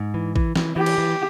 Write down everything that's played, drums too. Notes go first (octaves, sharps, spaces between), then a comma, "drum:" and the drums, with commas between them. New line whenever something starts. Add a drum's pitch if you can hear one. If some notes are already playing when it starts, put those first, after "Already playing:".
Already playing: G#2
E3
E3, drum: kick A1
E3, drum: snare
E3 G4
drum: cymbal
E3